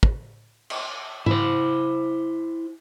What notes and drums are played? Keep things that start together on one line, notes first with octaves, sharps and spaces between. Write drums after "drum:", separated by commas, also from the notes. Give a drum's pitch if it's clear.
drum: kick
drum: cymbal
E4 C5, drum: tom G#2